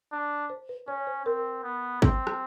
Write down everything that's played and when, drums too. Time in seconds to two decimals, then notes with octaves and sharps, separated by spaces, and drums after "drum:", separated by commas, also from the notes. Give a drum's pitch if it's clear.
0.12 D4
0.50 C5
0.69 B4
0.87 C#4 C#5
1.07 C5
1.26 C4 A#4
1.64 B3
2.02 C4, drum: kick
2.27 drum: rim click